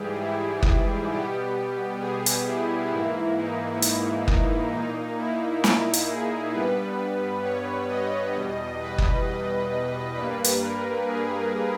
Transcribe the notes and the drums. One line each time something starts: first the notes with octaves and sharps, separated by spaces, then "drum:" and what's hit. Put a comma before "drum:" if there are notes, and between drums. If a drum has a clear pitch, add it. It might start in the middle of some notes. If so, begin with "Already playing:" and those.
Already playing: G#2 E3 G3 G4 G#4
E4
drum: kick F#1
B2 G3 B3 G4
G#4
drum: hi-hat
E4
G#2 E3 A#3 E4
D#4
E4, drum: hi-hat
D#4, drum: kick F#1
A#2 A#3 D#4
E4
E4, drum: snare
drum: hi-hat
G#4
G2 G3 B3 B4
C#5
D#5
E2 B2 G3
B4
drum: kick F#1
G2 G3 A#3 B4
drum: hi-hat
A#4
G#4